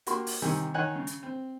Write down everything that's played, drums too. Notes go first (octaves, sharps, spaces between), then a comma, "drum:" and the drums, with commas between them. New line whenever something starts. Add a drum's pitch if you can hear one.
A#3 F#4 G4 C6, drum: hi-hat
drum: open hi-hat
C3 D#3 G3 G#5
D#3 C#5 D#5 F#5 G#5 F#6
C#3
drum: hi-hat
C4